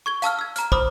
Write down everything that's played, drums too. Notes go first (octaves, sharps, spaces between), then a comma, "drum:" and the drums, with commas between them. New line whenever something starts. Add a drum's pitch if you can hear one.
C#6 G#6 G7
F5 A5 E6 F6, drum: hi-hat
E6 G#6
A#5 F6, drum: hi-hat
C5 B5 D6 D#6 F6, drum: kick